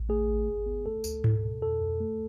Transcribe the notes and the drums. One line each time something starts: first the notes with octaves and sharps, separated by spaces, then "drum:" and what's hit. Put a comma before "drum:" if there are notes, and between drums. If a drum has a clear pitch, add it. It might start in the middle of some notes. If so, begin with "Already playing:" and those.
Already playing: A1
A3 G#4
G#1
G#1
B3
A3 A4
D2, drum: tambourine
B2, drum: tom G#2
B2
F2 A4
F2
A3